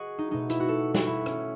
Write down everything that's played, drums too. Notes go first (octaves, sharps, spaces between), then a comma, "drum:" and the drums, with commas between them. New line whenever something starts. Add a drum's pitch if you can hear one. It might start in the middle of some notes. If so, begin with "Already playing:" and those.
Already playing: F#4 G#4 D#5
D#4
B2 A3 D#4
E4, drum: hi-hat
F#4
A4
F#4, drum: snare
E4
C#4, drum: rim click